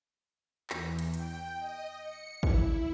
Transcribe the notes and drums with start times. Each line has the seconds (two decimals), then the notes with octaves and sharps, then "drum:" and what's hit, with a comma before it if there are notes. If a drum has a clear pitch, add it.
0.70 E2, drum: clap
0.99 drum: cymbal
1.14 G5, drum: hi-hat
1.59 D#5
2.01 C#7
2.43 E4, drum: kick